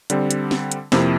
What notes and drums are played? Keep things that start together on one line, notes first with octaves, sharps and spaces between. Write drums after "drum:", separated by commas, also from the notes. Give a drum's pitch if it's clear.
D3 G3 C4, drum: hi-hat
drum: hi-hat
drum: snare
drum: hi-hat
F2 C3 F3 A#3 E4, drum: snare